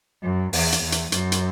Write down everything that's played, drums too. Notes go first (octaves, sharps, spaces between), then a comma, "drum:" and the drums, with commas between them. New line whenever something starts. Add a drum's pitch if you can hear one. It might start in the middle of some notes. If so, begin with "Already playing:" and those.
F#2
E2, drum: open hi-hat
drum: hi-hat
E2
drum: hi-hat
F#2, drum: hi-hat
drum: hi-hat